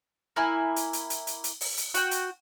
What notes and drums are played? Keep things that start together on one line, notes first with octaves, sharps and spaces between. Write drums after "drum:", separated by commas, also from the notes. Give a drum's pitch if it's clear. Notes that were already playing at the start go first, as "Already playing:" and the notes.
A#3 E4 G#5
drum: hi-hat
drum: hi-hat
drum: hi-hat
drum: hi-hat
drum: hi-hat
drum: open hi-hat
drum: hi-hat
F#4 G5, drum: hi-hat
drum: hi-hat